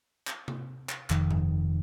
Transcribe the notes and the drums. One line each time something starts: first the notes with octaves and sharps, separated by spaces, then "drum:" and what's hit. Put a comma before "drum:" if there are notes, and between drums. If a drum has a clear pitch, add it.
drum: clap
drum: tom C3
drum: clap
F1 F2 D#3, drum: clap
drum: tom G2